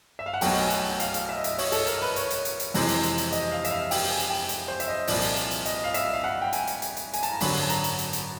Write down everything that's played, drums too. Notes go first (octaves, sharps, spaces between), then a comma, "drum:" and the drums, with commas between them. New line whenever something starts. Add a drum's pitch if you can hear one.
E5
F5
F#5
B1 B2 F#3 A3 G5, drum: open hi-hat
G#5
drum: hi-hat
G5
F5, drum: hi-hat
drum: hi-hat
E5
D#5
E5, drum: hi-hat
C#5, drum: open hi-hat
A4, drum: hi-hat
A#4, drum: hi-hat
B4
C#5, drum: hi-hat
drum: hi-hat
drum: hi-hat
drum: hi-hat
F2 C3 E3 G#3 C4, drum: open hi-hat
drum: hi-hat
drum: hi-hat
drum: hi-hat
D#5, drum: hi-hat
F5
E5, drum: hi-hat
F5
G5, drum: open hi-hat
G#5
drum: hi-hat
G5
drum: hi-hat
C5
E5, drum: hi-hat
D#5
C2 A#2 F3 D5, drum: open hi-hat
drum: hi-hat
drum: hi-hat
drum: hi-hat
D#5, drum: hi-hat
F5
E5, drum: hi-hat
F5
F#5
G5
G#5, drum: hi-hat
drum: hi-hat
drum: hi-hat
drum: hi-hat
G#5, drum: hi-hat
A5, drum: hi-hat
A#5
G#1 F#2 D3 F#3 B5, drum: open hi-hat
A5
A#5, drum: hi-hat
drum: hi-hat
drum: hi-hat
drum: hi-hat